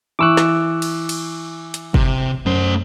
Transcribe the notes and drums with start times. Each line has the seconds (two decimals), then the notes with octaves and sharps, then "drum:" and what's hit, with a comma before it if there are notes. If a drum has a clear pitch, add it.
0.19 E3 C#6 D6 E6 F#6
0.37 drum: snare
0.82 drum: cymbal
1.09 drum: cymbal
1.74 drum: hi-hat
1.94 C3, drum: kick
2.46 F#2 A3 C5